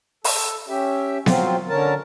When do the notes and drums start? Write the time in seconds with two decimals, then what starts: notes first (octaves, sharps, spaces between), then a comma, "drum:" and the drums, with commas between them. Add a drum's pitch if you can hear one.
0.24 A4, drum: open hi-hat
0.69 C#4 G4 E5
1.26 F#3 C4 F4, drum: snare B3
1.69 D3 C#4 A#4 A5